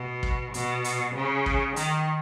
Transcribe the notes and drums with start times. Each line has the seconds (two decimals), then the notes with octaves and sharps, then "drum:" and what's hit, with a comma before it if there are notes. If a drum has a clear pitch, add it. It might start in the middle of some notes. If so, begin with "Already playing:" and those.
Already playing: B2
0.23 drum: kick
0.54 B2, drum: hi-hat
0.84 drum: hi-hat
1.16 C#3
1.46 drum: kick
1.76 D#3, drum: hi-hat